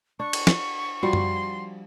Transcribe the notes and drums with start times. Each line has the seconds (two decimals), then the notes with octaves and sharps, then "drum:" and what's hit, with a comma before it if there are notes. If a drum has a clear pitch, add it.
0.19 D4 C#6
0.33 drum: cymbal
0.47 drum: snare
1.03 F3 G3 F#4 C6
1.13 drum: tom F#2